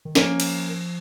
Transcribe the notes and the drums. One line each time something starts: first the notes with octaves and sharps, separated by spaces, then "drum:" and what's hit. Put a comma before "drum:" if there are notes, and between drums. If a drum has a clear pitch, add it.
D#3
F3 A#3 C#4, drum: snare
drum: cymbal